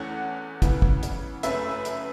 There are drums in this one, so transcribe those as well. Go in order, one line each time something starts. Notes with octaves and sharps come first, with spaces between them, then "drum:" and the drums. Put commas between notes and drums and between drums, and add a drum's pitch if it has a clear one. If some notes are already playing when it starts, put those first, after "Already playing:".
Already playing: E2 E3 A3 C#4 F#5
C#3 E3 B3, drum: kick, hi-hat
drum: kick
drum: hi-hat
F#2 C#3 A3 C#4 B4 E5, drum: hi-hat
B4
drum: hi-hat